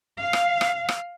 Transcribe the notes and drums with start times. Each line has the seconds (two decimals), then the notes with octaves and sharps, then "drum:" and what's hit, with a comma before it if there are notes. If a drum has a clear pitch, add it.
0.19 F5
0.33 drum: rim click
0.61 drum: rim click
0.89 drum: rim click